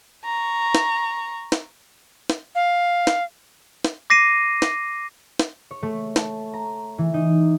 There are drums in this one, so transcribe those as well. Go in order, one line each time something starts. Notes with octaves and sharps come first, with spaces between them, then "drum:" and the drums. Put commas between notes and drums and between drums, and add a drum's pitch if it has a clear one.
A#5 C#6
drum: snare
drum: snare
drum: snare
F5
drum: snare
drum: snare
D6 A#6 C7 D#7
drum: snare
drum: snare
C#5
A3
A5, drum: snare
A#5
E3
D#4